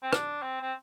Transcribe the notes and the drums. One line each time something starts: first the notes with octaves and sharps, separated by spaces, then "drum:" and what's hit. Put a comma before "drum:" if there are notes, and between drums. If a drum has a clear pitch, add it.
C4
D4, drum: rim click
C4
C4